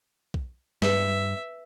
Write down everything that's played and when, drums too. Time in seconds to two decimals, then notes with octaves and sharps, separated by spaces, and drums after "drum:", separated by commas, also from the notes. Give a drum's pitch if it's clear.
0.34 drum: kick B1
0.82 G2 B4 E5, drum: snare